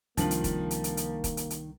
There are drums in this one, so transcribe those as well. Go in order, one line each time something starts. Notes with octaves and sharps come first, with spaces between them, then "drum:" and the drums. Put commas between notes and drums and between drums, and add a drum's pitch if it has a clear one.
C2 D#3 F3 A#3 D4 F4 F#7, drum: hi-hat
drum: hi-hat
drum: kick, hi-hat
drum: hi-hat
drum: hi-hat
drum: hi-hat
drum: kick, hi-hat
drum: hi-hat
drum: hi-hat